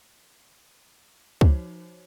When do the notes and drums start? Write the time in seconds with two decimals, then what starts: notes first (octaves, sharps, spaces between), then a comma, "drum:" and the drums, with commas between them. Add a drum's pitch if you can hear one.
1.41 F3 D#4 F#4 C5 C#5, drum: kick